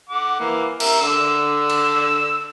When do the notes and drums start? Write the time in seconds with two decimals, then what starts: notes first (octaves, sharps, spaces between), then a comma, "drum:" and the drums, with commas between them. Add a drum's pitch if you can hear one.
0.10 F#5 D6
0.40 E3 A#3
0.80 A#4 E5, drum: cymbal
1.01 D3 E6
1.70 drum: cymbal